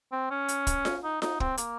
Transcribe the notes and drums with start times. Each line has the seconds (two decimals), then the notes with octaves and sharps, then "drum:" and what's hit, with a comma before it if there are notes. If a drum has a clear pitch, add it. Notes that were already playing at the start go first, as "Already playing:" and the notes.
0.12 C4
0.31 C#4
0.48 drum: hi-hat
0.67 drum: kick, hi-hat
0.85 drum: snare F4
1.04 D#4
1.22 D#4, drum: snare F4
1.40 C4, drum: kick
1.58 A#3, drum: hi-hat